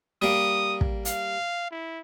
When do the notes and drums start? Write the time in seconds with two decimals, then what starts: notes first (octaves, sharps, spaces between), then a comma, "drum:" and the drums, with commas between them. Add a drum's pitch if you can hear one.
0.22 G3 A#3 D#6
0.81 drum: kick
1.05 F5, drum: hi-hat
1.71 E4